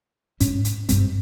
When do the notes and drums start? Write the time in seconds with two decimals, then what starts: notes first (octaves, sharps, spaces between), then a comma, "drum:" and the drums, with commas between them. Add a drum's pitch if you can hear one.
0.40 G#2 G3 C#4, drum: hi-hat
0.65 drum: hi-hat
0.89 G2 G3 C4, drum: kick, hi-hat